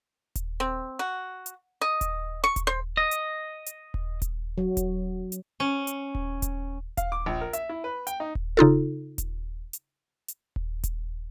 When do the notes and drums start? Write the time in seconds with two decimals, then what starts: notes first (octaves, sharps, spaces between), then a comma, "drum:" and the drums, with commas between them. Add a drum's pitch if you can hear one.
0.35 drum: kick D#1, hi-hat
0.60 C4
0.99 F#4
1.46 drum: hi-hat
1.81 D#5
2.01 drum: kick D#1, hi-hat
2.44 C#6
2.56 drum: kick D#1, hi-hat
2.67 C5
2.97 D#5
3.11 drum: hi-hat
3.66 drum: hi-hat
3.94 drum: kick D#1
4.22 drum: kick D#1, hi-hat
4.58 F#3
4.77 drum: kick D#1, hi-hat
5.32 drum: hi-hat
5.60 C#4
5.87 drum: hi-hat
6.15 drum: kick D#1
6.42 drum: kick D#1, hi-hat
6.97 F5, drum: kick D#1, hi-hat
7.12 D6
7.26 A#1
7.41 A#4
7.53 E5, drum: hi-hat
7.69 E4
7.84 B4
8.07 G5, drum: hi-hat
8.20 D#4
8.35 drum: kick D#1
8.57 C#3 D#4 F4 A4
9.18 drum: kick D#1, hi-hat
9.73 drum: hi-hat
10.28 drum: hi-hat
10.56 drum: kick D#1
10.84 drum: kick D#1, hi-hat